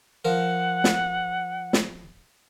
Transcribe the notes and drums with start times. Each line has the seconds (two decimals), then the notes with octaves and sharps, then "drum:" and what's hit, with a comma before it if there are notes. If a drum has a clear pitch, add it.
0.25 F3 A#4 F#5
0.84 drum: snare
1.73 drum: snare